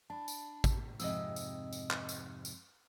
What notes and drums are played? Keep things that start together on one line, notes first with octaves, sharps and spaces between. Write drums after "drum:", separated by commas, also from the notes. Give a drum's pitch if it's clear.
D4 A5 B5
drum: tambourine
drum: kick G#1, tambourine
F2 G#2 C3 D#5 D#6 E6, drum: tambourine
drum: tambourine
drum: tambourine
drum: clap
drum: tambourine
drum: tambourine